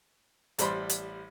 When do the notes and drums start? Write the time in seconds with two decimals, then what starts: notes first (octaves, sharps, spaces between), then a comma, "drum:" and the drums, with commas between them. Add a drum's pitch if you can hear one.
0.59 A1 G3 C5 D5 B5 C6, drum: hi-hat
0.89 drum: hi-hat